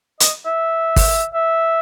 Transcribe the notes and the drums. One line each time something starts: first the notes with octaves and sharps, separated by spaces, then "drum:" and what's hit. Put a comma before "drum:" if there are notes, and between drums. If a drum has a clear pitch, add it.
D#5, drum: hi-hat
E5
drum: kick, open hi-hat
E5